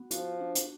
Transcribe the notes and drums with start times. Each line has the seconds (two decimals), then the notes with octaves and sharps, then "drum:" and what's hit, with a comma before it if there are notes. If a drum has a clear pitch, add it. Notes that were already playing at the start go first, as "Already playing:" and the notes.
Already playing: B3 F#4
0.11 F3 F#4, drum: hi-hat
0.41 D4
0.55 drum: hi-hat